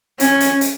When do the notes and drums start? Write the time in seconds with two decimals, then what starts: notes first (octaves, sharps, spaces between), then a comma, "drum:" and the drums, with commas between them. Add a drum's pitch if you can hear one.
0.20 C#4, drum: hi-hat
0.40 drum: hi-hat
0.61 drum: hi-hat